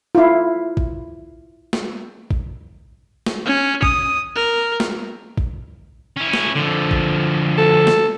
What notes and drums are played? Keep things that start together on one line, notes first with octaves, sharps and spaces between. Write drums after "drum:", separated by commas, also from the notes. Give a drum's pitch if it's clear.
E4 F4
drum: kick A1
drum: snare
drum: kick A1
drum: snare
C#4
D#6, drum: kick A1
A#4
drum: snare
drum: kick A1
C#4 E4
drum: snare
D3 F3
drum: kick A1
A4
drum: snare